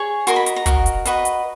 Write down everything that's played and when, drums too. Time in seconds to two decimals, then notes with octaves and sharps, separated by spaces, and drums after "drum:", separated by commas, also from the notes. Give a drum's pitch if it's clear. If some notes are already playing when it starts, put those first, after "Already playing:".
Already playing: G#4 C#5
0.27 F#4 A#4 D#5 C6, drum: hi-hat
0.36 B5
0.46 A#5, drum: hi-hat
0.56 A#5
0.66 F#4 A#4 D#5, drum: kick, hi-hat
0.86 drum: hi-hat
1.05 F#4 B4 D#5, drum: hi-hat
1.25 drum: hi-hat